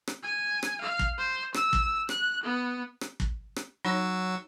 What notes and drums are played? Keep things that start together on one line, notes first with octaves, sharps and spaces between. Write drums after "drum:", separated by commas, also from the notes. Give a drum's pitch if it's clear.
drum: rim click
G#5
drum: rim click
F5
drum: kick
C5
E6, drum: rim click
drum: kick
F#6, drum: rim click
B3
drum: rim click
drum: kick
drum: rim click
F#3 D#4 F#4 C#5 E6